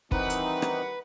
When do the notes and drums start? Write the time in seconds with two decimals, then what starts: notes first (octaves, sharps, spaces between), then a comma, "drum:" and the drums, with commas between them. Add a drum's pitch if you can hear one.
0.12 D#3 E3 G3 C4 D#4 B4 F#5, drum: kick
0.30 drum: hi-hat
0.62 drum: rim click